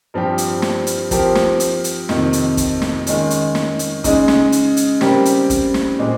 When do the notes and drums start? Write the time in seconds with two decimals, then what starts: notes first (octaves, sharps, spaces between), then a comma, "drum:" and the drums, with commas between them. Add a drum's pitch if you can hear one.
0.14 G2 F3 C4 G4
0.38 drum: hi-hat
0.62 drum: snare
0.87 drum: hi-hat
1.11 F3 C4 G4 A#4, drum: kick, hi-hat
1.35 drum: snare
1.60 drum: hi-hat
1.84 drum: hi-hat
2.09 F2 C3 D#3, drum: snare
2.33 drum: hi-hat
2.57 drum: kick, hi-hat
2.82 drum: snare
3.07 D#3 G#3 C#4, drum: hi-hat
3.30 drum: hi-hat
3.55 drum: snare
3.79 drum: hi-hat
4.04 C#3 G#3 D#4, drum: kick, hi-hat
4.28 drum: snare
4.52 drum: hi-hat
4.77 drum: hi-hat
5.01 C#3 G3 C4 G4 A#4, drum: snare
5.25 drum: hi-hat
5.50 drum: kick, hi-hat
5.74 drum: snare
5.99 A#2 G#3 C4